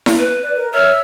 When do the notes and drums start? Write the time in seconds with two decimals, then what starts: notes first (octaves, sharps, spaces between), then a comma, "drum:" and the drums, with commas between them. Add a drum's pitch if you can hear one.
0.06 drum: snare E4
0.19 B4
0.44 D5
0.56 A#4
0.74 C#5 E5 E6 F6